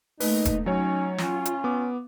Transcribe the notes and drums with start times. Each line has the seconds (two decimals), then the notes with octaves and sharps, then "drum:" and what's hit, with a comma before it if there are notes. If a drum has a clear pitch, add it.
0.20 A3 A#3 D#4 B4, drum: open hi-hat
0.45 drum: kick E1, hi-hat
0.66 F#3 C#4 D#4 C#5
1.18 C#4 F4, drum: snare
1.45 drum: hi-hat
1.64 B3 D6